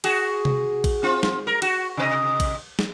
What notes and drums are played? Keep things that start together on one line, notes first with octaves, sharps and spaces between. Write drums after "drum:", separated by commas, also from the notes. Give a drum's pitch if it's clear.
F#4 G#4, drum: cymbal
drum: tom C3
drum: kick A#1, cymbal
C4 F4
drum: snare
A#4
F#4, drum: cymbal
C3 B4 D#5
drum: kick A#1, cymbal
drum: snare